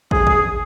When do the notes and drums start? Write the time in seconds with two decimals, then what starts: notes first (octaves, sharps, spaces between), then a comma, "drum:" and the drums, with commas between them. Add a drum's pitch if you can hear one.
0.11 G#4, drum: kick
0.27 drum: kick